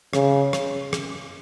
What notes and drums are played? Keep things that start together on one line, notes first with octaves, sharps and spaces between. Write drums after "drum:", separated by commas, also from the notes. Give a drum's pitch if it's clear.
C#3, drum: rim click
drum: rim click
drum: rim click